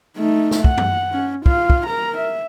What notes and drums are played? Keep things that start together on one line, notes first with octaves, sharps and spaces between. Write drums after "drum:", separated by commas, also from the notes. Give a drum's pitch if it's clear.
A3 D#4
drum: snare
F#5, drum: kick
drum: tom F#2
C#4
F4 F5, drum: kick
drum: kick
A#4 A#5
E5